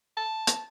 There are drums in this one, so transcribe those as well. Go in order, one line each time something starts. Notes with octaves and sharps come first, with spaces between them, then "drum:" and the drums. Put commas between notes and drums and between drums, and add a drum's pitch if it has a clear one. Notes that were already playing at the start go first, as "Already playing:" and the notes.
A5
drum: hi-hat